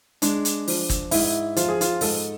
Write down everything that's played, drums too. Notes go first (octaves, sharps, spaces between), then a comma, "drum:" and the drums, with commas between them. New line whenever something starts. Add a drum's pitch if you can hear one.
G#3 D4, drum: hi-hat
drum: hi-hat
F3, drum: open hi-hat
drum: kick, hi-hat
G#2 E4, drum: open hi-hat
F3 F4, drum: hi-hat
G#4
F4, drum: hi-hat
G#2 A4, drum: open hi-hat